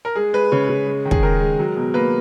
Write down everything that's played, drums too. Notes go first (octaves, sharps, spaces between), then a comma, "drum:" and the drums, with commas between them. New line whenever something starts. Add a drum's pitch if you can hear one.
A#4
G#3 G#4
G#3 B4
C#3 C#5
C#3
G#3
D#3
G#4, drum: kick
D#3 A#4
G#3
F#3
B2
A#3 B4